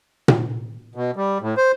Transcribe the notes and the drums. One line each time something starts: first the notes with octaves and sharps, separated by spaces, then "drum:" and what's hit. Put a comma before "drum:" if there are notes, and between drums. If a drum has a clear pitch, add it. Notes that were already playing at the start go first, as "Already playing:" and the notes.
drum: tom A#2
B2
G3
A2
C5